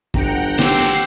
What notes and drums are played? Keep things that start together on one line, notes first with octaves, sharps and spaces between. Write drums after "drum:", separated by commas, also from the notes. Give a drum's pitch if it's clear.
G1 F#5 G5 A#5, drum: kick
F#4 G4 C5 F#5 E6, drum: snare